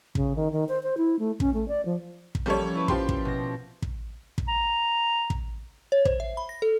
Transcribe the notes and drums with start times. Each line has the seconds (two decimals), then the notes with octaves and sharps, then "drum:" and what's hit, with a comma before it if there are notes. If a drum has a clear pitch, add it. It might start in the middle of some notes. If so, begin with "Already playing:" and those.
0.15 C#3, drum: kick
0.36 D#3
0.52 D#3
0.69 C5
0.83 C5
0.97 E4
1.19 A3
1.40 C#4, drum: kick
1.54 A3
1.68 D5
1.86 F3
2.35 drum: kick
2.46 F3 G3 A#3 C#4 A4 C#5
2.75 E4 B4
2.88 F3 G4 C6, drum: kick
3.09 drum: kick
3.25 B2 A#6
3.82 drum: kick
4.38 drum: kick
4.48 A#5
5.30 drum: kick
5.92 C#5
6.05 C5, drum: kick
6.20 E5
6.37 B5
6.49 A#6
6.62 A4